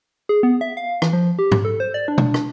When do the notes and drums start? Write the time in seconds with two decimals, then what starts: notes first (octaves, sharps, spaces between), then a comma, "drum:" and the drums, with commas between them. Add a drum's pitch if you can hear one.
0.29 G#4
0.43 B3
0.61 E5
0.77 F5
1.02 E3, drum: rim click
1.13 F3
1.39 G4
1.52 drum: tom G#2
1.65 A4
1.80 C5
1.94 D5
2.08 D4
2.18 drum: tom B2
2.34 drum: rim click